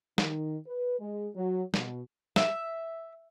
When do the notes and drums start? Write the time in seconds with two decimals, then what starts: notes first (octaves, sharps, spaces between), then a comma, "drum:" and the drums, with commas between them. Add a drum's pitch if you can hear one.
0.18 D#3, drum: snare
0.66 B4
0.99 G#3
1.35 F#3
1.74 B2, drum: snare
2.36 E5, drum: snare